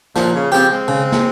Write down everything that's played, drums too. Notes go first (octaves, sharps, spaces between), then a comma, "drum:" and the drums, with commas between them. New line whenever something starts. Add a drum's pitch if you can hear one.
A#2 F3, drum: snare
C#3
C#3 F3 C4 G4
G#3 C4
C#3
drum: snare